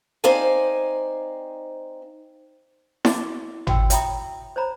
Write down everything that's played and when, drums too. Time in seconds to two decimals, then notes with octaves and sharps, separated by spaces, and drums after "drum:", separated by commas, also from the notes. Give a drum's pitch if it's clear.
0.24 C4 D#4 C5 D5 F5 G#5
3.05 E4 F#4 D#5 D6, drum: snare E4
3.67 F#4 G5 E6, drum: tom G#1
3.90 C#5 E5 G5 A#5 B5 D#6, drum: hi-hat
4.56 C5 C#5 A#5 B5